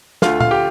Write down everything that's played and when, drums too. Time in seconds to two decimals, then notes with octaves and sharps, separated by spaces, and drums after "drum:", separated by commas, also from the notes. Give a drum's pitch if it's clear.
0.22 D2 D3 A3 F4 F5, drum: snare
0.41 F5, drum: tom A#2
0.51 G4 G5